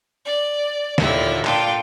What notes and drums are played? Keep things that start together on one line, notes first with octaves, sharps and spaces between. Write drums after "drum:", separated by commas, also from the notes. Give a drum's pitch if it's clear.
D5
D#2 A#2 D3 E4 F4, drum: snare
A#2 D4 F4 A4 G5, drum: clap